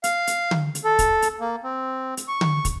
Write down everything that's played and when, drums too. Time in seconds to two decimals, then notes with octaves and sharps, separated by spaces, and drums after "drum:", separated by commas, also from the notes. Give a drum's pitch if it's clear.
0.04 F5, drum: hi-hat
0.27 drum: hi-hat
0.51 drum: tom D3
0.75 drum: hi-hat
0.84 A4
0.99 drum: kick, hi-hat
1.22 drum: hi-hat
1.41 A#3
1.64 C4
2.17 drum: hi-hat
2.28 C#6
2.41 drum: tom D3
2.65 drum: kick, hi-hat